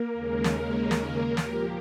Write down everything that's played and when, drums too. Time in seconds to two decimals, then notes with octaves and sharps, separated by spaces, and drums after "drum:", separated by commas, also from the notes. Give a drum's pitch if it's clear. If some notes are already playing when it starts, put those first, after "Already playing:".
Already playing: A#3 A#4
0.13 D#2 C#3 G#3 C#4
0.44 drum: snare
0.91 drum: snare
1.37 A#2 F3 A#3 G4, drum: snare